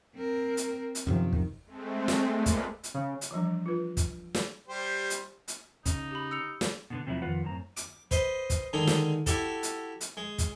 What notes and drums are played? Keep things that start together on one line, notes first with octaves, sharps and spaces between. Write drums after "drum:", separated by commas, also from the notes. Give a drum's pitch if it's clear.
C4 A#4
drum: hi-hat
drum: hi-hat
F#2 C3 D#3 F3
drum: kick
G#3 A3 C4
drum: snare
G#3 A#3 F4 A4 B4 D5
drum: kick, hi-hat
drum: hi-hat
C#3
drum: hi-hat
E3 F3 G3 D4
F4 B4
drum: kick, hi-hat
drum: snare
G3 G4 C5
drum: hi-hat
drum: hi-hat
C#3 D#4, drum: kick, hi-hat
G4 B5
E6 C#7 F7
drum: snare
B2 D3 B3
E2 C3 F3 F#3 A3 E4
F2 D#3 F4 B4 F#5
F#2 A2 C4 A#5
D6, drum: hi-hat
B4 C5 D#5, drum: kick, hi-hat
drum: kick, hi-hat
D3 D#3 G#3 D#4
drum: snare
E4 F#4 G4 A4, drum: kick, hi-hat
drum: hi-hat
drum: hi-hat
G#3
drum: kick, hi-hat